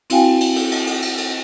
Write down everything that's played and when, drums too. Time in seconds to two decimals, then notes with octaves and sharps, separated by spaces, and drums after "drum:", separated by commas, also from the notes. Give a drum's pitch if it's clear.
0.10 C4 E4 F#4 F5 G5 G#5, drum: cymbal
0.41 drum: cymbal
0.56 drum: cymbal
0.71 drum: cymbal
0.87 drum: cymbal
1.02 drum: cymbal
1.18 drum: cymbal